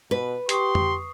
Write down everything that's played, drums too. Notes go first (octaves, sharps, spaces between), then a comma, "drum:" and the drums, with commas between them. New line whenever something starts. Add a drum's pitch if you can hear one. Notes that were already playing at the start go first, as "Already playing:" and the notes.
B2 B4
G4 C6 C#6 D#6 C7, drum: hi-hat
drum: tom F2